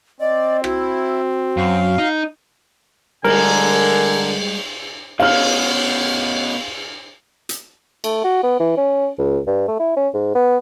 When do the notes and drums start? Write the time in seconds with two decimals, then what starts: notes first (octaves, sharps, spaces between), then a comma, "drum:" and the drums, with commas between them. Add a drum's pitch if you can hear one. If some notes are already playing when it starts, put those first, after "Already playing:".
0.20 C4 D5 D#5
0.64 E4 F#4, drum: rim click
1.57 F#2 F5
1.98 D#4
3.24 D3 G3 G#3 A#4 G#5, drum: cymbal
5.19 B2 C#4 F5 F6, drum: cymbal
7.49 drum: hi-hat
8.04 A3, drum: cymbal
8.24 F#4
8.43 B3
8.60 E3
8.77 C#4
9.18 C#2
9.47 G2
9.68 A3
9.79 E4
9.97 C#4
10.13 G#2
10.35 B3